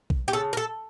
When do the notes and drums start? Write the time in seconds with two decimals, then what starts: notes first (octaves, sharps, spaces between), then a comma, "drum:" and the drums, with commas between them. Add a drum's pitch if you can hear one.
0.10 drum: kick
0.28 G4
0.33 C#3 A4
0.53 A#4
0.57 A4